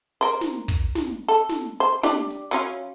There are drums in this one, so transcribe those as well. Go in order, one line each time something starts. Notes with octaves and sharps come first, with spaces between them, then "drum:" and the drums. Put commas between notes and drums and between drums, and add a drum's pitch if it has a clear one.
A#4 C5
drum: snare
drum: kick, hi-hat
drum: snare
A4
drum: snare
C5
D4 G4 D5, drum: snare
drum: hi-hat
F#3 C#4 F4